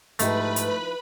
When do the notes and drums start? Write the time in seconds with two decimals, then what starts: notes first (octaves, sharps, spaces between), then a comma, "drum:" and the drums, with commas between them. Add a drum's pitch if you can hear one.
0.19 G#2 F3 A3 D#4 E4 G4 B4 B5, drum: hi-hat
0.56 drum: hi-hat